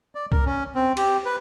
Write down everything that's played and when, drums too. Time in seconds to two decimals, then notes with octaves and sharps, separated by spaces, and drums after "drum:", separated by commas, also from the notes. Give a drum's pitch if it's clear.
0.15 D5
0.32 A#4, drum: kick C2
0.46 C#4
0.75 C4
0.97 G4, drum: cymbal
1.25 B4